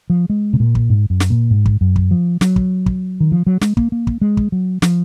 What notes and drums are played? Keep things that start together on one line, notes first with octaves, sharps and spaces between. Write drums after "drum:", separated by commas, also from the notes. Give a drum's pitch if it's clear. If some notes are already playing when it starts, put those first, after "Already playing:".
F3
G#3
C3
A#2
drum: kick
G#2
F#2
drum: snare
A#2
G#2
drum: kick
F#2
drum: kick
F3
F#3, drum: snare
drum: kick
drum: kick
D#3
F3
F#3
G#3, drum: snare
A#3, drum: kick
A#3
drum: kick
G#3
drum: kick
F#3
F3, drum: snare